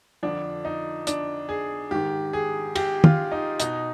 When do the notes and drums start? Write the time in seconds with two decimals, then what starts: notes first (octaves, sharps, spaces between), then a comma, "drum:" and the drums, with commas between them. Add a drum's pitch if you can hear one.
0.23 F2 D3 F3 D4
0.65 D#4
1.07 D4, drum: hi-hat
1.49 G#4
1.91 G#2 D#3 G4
2.33 G#4
2.75 G4, drum: cymbal
3.04 F4, drum: tom
3.32 D#4
3.60 B2 D#4, drum: hi-hat